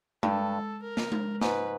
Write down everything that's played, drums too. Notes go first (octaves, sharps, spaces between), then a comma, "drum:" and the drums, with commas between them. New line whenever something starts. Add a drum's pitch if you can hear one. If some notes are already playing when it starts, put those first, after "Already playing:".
G2 A4, drum: tom G#3
A#4
drum: snare
drum: tom G#3
G#2 B4, drum: snare